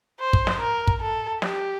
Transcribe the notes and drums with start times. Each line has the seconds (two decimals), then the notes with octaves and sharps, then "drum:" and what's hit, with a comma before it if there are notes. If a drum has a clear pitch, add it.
0.20 C5
0.33 drum: kick
0.47 drum: snare
0.60 A#4
0.87 drum: kick
1.01 A4
1.42 G4, drum: snare